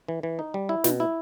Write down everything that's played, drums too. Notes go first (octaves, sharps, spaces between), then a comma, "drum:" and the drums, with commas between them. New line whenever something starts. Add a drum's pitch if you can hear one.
E3
E3
D#4
G3
E4
B2, drum: snare
E4